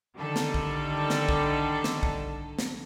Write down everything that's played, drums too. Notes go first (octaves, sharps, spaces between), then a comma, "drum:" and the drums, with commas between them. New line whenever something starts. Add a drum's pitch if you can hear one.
D3 D#3 G3 A4
drum: snare
drum: kick B1
drum: snare
drum: kick B1
drum: snare
drum: kick B1
drum: snare